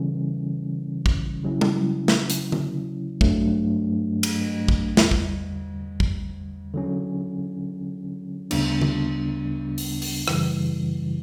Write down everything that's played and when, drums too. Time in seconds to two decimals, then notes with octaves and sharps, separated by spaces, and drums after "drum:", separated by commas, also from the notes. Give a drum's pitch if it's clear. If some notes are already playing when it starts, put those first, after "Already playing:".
Already playing: C#3 E3 G3 C#4
1.06 drum: kick
1.43 C#3 F#3 C#4 E4
1.61 drum: tom G3
2.08 drum: snare
2.30 drum: hi-hat
2.52 drum: tom D3
3.21 G2 F#3 A3 D4, drum: kick
4.23 drum: cymbal
4.68 drum: kick
4.97 E2 D3 G3, drum: snare
5.11 drum: kick
6.00 drum: kick
6.74 D3 F#3 C#4
8.51 D2 C#3 G3 B3 D4, drum: cymbal
8.81 drum: tom D3
9.78 drum: open hi-hat
10.02 drum: open hi-hat
10.28 F#2 C#3 E3 G3, drum: rim click